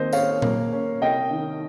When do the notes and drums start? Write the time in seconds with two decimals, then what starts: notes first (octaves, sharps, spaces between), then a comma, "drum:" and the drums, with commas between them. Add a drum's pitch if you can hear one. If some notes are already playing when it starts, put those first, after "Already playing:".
Already playing: D#2 C4 C5 D#5
0.13 C#4 C#5 F5, drum: tambourine
0.42 A#3, drum: tom A#2
0.73 C#4
1.02 C2 D#5 G5
1.31 D#3